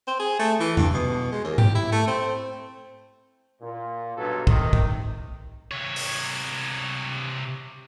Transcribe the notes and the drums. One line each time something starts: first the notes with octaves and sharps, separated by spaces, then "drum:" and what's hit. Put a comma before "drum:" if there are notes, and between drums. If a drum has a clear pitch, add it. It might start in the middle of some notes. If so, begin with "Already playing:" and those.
C4
G#4
A3
E3
G2, drum: tom E2
B2
G#3
D#2
G4, drum: tom G#2
E4
A3
C4
A#2
B1 G2 F#3 A4 B4
C3 D#3, drum: kick
drum: kick
C3 C#5
drum: open hi-hat